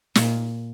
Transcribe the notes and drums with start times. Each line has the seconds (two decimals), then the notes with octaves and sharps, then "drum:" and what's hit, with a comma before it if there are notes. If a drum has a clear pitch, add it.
0.15 A#2, drum: snare